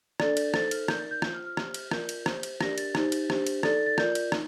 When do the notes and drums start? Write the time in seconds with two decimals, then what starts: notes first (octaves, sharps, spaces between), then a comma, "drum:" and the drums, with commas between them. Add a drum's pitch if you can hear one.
0.20 D4 A4 D5 A6, drum: rim click
0.37 drum: cymbal
0.54 D#4 A4 C5 A6, drum: rim click
0.71 F6, drum: cymbal
0.88 D#4 A#4 D5 G6, drum: rim click
0.99 A6
1.11 G6
1.22 F4 C5 G6, drum: rim click
1.34 F6
1.46 F6
1.57 G4 C5, drum: rim click
1.74 drum: cymbal
1.91 F4 A#4 D5 G6, drum: rim click
2.09 drum: cymbal
2.26 G4 C5, drum: rim click
2.43 drum: cymbal
2.61 D4 G4 A#4 D5 A#6, drum: rim click
2.78 A6, drum: cymbal
2.95 D#4 G4 C5, drum: rim click
3.12 drum: cymbal
3.30 D4 G4 C5, drum: rim click
3.47 drum: cymbal
3.63 D#4 A4 D5 A6, drum: rim click
3.75 A6
3.86 A6
3.98 F4 A#4 D5 G6, drum: rim click
4.15 drum: cymbal
4.32 D#4, drum: rim click